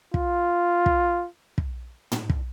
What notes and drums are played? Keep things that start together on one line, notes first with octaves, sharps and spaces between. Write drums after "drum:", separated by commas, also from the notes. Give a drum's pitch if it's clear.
F4, drum: kick
drum: kick
drum: kick
drum: tom
drum: kick